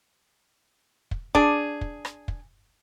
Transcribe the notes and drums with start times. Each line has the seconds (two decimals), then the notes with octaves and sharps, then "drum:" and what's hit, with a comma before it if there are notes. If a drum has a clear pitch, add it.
1.11 drum: kick
1.35 D4 G#4, drum: kick
1.81 drum: kick
2.05 drum: rim click
2.28 drum: kick